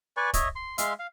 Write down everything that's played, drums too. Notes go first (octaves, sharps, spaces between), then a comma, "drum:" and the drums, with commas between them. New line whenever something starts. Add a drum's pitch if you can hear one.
B4 D5 G#5 C#6
C#5 D#5 E5, drum: kick, hi-hat
C6
G#3 E5 F5 C6, drum: hi-hat
F5